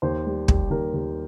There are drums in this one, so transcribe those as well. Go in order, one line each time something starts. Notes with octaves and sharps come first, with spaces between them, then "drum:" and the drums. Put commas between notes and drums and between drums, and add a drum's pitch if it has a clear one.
D#2 C5
G3
G3, drum: kick
D#2 A#4
D#2